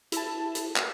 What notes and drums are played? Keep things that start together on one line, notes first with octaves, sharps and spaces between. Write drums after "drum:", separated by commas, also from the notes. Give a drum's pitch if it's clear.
E4 A5, drum: hi-hat
drum: hi-hat
drum: clap